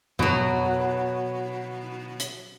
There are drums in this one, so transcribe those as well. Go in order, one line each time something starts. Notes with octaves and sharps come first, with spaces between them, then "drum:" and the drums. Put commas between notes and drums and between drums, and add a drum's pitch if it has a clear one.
B2 F#3, drum: tom F2
drum: hi-hat